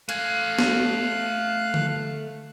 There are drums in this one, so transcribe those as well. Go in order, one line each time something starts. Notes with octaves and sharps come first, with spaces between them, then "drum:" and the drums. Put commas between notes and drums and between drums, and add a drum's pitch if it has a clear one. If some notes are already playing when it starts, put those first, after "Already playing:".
A3 F5 G#5 F#6, drum: hi-hat
drum: snare
drum: tom D3